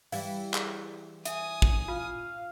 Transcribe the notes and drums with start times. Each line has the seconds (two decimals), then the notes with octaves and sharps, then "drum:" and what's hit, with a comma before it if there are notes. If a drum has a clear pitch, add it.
0.12 E3 G3 F5, drum: open hi-hat
0.54 G#4, drum: clap
1.25 E5 G#5 D#6, drum: hi-hat
1.62 drum: kick
1.88 F4 F5